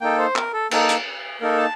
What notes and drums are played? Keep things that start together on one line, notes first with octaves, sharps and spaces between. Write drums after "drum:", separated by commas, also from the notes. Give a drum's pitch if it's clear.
A#3 D#4 A4 G5
C5
A#4, drum: clap
A4
A#3 D#4 A4, drum: cymbal
drum: hi-hat
A#3 D#4 A4 A#4
A5